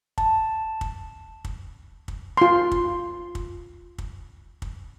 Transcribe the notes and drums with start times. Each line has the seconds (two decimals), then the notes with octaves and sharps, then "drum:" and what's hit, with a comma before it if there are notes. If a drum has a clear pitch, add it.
0.18 A5, drum: kick
0.81 drum: kick
1.45 drum: kick
2.08 drum: kick
2.37 F4 C6
2.72 drum: kick
3.35 drum: kick
3.98 drum: kick
4.62 drum: kick